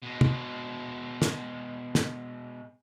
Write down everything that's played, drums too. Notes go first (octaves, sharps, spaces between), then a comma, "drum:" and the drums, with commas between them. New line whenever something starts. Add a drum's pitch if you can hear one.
B2 G#3
drum: tom
drum: snare
drum: snare